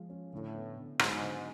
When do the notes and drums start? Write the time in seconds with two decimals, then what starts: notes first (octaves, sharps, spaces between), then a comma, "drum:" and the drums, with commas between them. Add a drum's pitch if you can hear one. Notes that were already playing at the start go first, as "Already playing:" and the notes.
Already playing: F3 G#3 F4
0.09 C#4
0.32 A2 D3
0.55 B3
0.77 D3
0.99 G#2 F#3, drum: rim click
1.22 D3